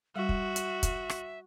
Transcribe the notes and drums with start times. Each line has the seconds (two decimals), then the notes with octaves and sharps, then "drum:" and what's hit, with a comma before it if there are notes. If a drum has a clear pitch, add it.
0.16 G3 F#4 E5
0.29 drum: kick
0.56 drum: hi-hat
0.83 drum: kick, hi-hat
1.10 drum: rim click